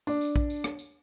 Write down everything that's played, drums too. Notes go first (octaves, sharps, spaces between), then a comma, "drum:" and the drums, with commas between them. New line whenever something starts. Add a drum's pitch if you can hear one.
D4, drum: tambourine
drum: tambourine
drum: kick A#1
drum: tambourine
drum: rim click
drum: tambourine